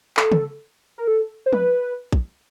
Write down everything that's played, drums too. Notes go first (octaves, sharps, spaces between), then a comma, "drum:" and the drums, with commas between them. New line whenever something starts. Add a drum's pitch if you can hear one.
A4, drum: clap
drum: tom C#3
A#4
A4
C5
B4, drum: tom
drum: kick